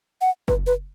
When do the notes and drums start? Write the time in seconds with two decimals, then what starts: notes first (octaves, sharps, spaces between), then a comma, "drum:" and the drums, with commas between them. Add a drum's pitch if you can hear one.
0.21 F#5
0.48 B4, drum: kick F#1
0.67 B4